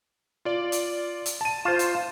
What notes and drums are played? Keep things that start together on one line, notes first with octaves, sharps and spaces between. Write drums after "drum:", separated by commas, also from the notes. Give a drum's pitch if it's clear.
F4 D5
drum: hi-hat
drum: hi-hat
A5 D#7
F4 C5 F5 E7
drum: hi-hat